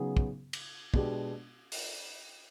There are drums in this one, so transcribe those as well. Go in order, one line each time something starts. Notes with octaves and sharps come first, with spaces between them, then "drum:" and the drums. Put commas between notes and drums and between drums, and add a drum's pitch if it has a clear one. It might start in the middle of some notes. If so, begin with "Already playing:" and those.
Already playing: C#3 F#3 B3 D#4 G#4
drum: kick
drum: cymbal
B2 G#3 B3 D4 G4, drum: kick
drum: open hi-hat